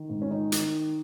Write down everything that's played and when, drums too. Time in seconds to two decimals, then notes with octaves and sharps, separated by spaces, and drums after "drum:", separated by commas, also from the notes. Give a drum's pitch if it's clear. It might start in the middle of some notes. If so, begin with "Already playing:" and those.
Already playing: D#3
0.10 G#2
0.22 C#4
0.31 D#3 D#4
0.52 D#3, drum: hi-hat